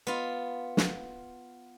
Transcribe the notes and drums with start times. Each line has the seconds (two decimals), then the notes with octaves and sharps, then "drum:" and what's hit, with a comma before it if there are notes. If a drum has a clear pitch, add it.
0.07 B3 F4
0.77 drum: snare